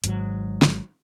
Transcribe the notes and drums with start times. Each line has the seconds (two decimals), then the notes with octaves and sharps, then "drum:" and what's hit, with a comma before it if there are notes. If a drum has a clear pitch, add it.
0.04 G#1 G#2 C3 F#3, drum: hi-hat
0.62 drum: snare